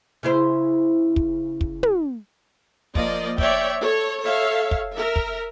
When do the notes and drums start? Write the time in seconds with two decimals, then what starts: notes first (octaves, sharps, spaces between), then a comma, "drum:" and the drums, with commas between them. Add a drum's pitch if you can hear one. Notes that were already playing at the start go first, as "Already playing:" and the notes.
0.23 C#3 E4 C5
1.16 drum: kick
1.61 drum: kick
1.83 drum: tom
2.95 F3 A#3 D5 D#5, drum: kick
3.38 C#5 D5 E5 G5, drum: kick
3.83 A4 C#5
4.22 A4 C#5 E5 F5
4.71 drum: kick
4.95 A#4 E5
5.16 drum: kick